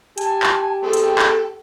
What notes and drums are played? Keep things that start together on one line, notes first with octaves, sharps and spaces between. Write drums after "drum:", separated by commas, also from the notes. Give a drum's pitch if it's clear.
G4 G#5 A5, drum: hi-hat
drum: clap
A3 C4 G#4 A4 G5
drum: hi-hat
drum: clap